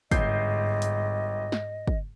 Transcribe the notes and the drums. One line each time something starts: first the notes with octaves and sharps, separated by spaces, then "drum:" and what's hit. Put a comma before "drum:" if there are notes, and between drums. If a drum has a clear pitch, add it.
G1 G#2 D#5 G6 C7, drum: kick, hi-hat
drum: hi-hat
drum: snare
drum: kick